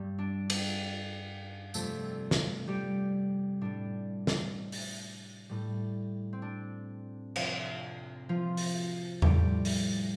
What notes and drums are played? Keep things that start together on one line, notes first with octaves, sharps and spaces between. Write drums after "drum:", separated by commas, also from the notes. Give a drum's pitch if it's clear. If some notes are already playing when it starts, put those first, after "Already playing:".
Already playing: G2 G3
D4
D4, drum: cymbal
F2 C3 G3 A3 A4, drum: tambourine
drum: snare
G3 G4
A2 G3 D4
drum: snare
drum: open hi-hat
A2 G3
C4
D4
F2 C3 F3, drum: cymbal
F3 F4
drum: open hi-hat
A2 F3 G3 G4, drum: tom E2
drum: open hi-hat